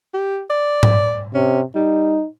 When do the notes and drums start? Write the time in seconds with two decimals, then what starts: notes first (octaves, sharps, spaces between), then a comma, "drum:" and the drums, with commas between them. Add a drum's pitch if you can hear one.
0.14 G4
0.50 D5
0.83 drum: tom G#2
1.34 C3 C#4
1.75 G3 D#4